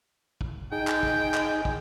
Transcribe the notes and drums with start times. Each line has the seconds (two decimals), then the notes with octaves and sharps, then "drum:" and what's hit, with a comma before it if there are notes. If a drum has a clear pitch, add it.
0.41 drum: kick
0.72 D#4 G#4 G5
0.87 drum: clap
1.03 drum: kick
1.34 drum: clap
1.65 drum: kick